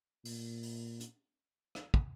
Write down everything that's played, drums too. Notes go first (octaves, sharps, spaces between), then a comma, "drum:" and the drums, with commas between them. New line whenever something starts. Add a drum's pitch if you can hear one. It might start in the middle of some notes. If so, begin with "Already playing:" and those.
A#2, drum: open hi-hat
drum: open hi-hat
drum: hi-hat
drum: rim click
drum: kick